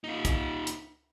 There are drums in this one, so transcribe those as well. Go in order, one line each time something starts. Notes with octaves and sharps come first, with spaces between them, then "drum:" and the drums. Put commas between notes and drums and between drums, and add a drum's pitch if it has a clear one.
D#4 F4
drum: kick, hi-hat
drum: hi-hat